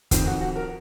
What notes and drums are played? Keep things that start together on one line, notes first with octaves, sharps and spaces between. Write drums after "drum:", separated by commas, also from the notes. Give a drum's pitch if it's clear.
F2 D#3 C4, drum: kick, hi-hat
F#4
F#4
A#4